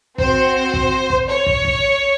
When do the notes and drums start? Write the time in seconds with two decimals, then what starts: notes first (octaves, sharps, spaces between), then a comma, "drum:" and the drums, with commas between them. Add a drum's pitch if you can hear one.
0.18 C4 F#4 C5, drum: kick
0.74 drum: kick
1.10 drum: kick
1.29 C#5
1.46 drum: kick
1.65 drum: kick